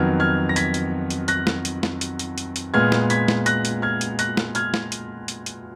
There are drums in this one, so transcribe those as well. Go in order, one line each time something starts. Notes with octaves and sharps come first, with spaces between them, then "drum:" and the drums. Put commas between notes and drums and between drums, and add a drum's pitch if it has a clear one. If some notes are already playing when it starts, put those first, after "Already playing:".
Already playing: F2 D#3 F#3 B3 F6 G#6
F6 G#6
A#6
G#6 B6, drum: hi-hat
drum: hi-hat
drum: hi-hat
F#6 A#6, drum: hi-hat
drum: snare
drum: hi-hat
drum: snare
drum: hi-hat
drum: hi-hat
drum: hi-hat
drum: hi-hat
A#2 G#3 B3 F6 G#6
drum: snare
G#6 B6, drum: hi-hat
drum: snare
F#6 A#6, drum: hi-hat
drum: hi-hat
F6 G#6
drum: hi-hat
F#6 A#6, drum: hi-hat
drum: snare
F6 G#6, drum: hi-hat
drum: snare
drum: hi-hat
drum: hi-hat
drum: hi-hat